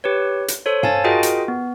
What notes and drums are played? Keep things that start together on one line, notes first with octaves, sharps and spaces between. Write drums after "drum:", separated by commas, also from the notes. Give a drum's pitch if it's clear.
G4 B4 C#5
drum: hi-hat
A4 C5 C#5
F5 G#5 A5 A6, drum: tom G2
F4 F#4 G#4 A#4 D#5 G5
drum: hi-hat
B3